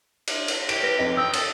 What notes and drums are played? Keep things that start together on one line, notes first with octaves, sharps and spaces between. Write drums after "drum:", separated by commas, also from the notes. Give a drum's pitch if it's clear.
drum: cymbal
drum: cymbal
G4 D7, drum: cymbal
B4 A#6
F2 D#4
G5 D#6 E6
A4, drum: cymbal